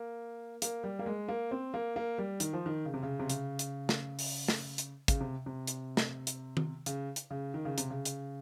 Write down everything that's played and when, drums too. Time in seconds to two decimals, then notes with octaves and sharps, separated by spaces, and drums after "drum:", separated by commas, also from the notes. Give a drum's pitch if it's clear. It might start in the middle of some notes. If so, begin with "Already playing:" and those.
Already playing: A#3
0.62 A#3, drum: hi-hat
0.84 G3
0.99 A#3
1.06 G#3
1.28 A#3
1.51 C4
1.74 A#3
1.96 A#3
2.18 G3
2.40 D#3, drum: hi-hat
2.53 F3
2.66 D#3
2.85 C#3
2.94 C3
3.03 C#3
3.19 C3
3.30 C#3, drum: hi-hat
3.59 drum: hi-hat
3.89 drum: snare
4.19 drum: open hi-hat
4.48 drum: snare
4.78 drum: hi-hat
5.08 C#3, drum: kick, hi-hat
5.21 C3
5.46 C3
5.67 drum: hi-hat
5.97 drum: snare
6.27 drum: hi-hat
6.57 drum: tom D#3
6.86 C#3, drum: hi-hat
7.16 drum: hi-hat
7.30 C#3
7.54 D#3
7.65 C#3
7.78 C3, drum: hi-hat
7.90 C#3
8.05 drum: hi-hat